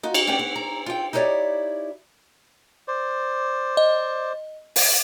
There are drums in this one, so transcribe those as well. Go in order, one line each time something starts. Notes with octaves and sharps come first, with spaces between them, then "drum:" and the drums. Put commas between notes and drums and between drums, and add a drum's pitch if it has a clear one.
D#4 F4 F#4
drum: cymbal
B3 C#4 D4 G4 G5
B3
A#5
F4 G5
D#4 E4 G4 A4 C#5 D5
C5 D5
D#5
drum: open hi-hat